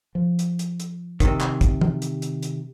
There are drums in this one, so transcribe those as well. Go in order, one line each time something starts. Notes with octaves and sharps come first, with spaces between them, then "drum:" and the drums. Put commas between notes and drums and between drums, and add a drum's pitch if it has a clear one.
F3
drum: hi-hat
drum: hi-hat
drum: hi-hat
C3 D#3, drum: kick, hi-hat
drum: clap
drum: kick, hi-hat
drum: tom
drum: hi-hat
drum: hi-hat
drum: hi-hat